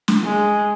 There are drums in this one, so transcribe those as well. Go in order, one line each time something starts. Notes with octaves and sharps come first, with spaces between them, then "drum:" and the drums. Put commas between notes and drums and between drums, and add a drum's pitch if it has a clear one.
drum: snare
G#3